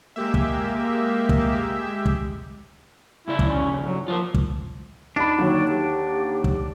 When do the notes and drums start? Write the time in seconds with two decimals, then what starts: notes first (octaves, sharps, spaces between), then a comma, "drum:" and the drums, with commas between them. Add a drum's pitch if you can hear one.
0.16 G#3 A#3 G4 E5
0.34 drum: kick
1.29 drum: kick
2.06 drum: kick
3.28 G2 C#3 E4 D5
3.39 drum: kick
3.49 C#4
3.85 F#3
4.08 F3 F4 F#4 A#4
4.35 drum: kick
5.16 D4 D#4 B5
5.39 D#2 D3 D#3 F#3
5.68 G4
6.44 drum: kick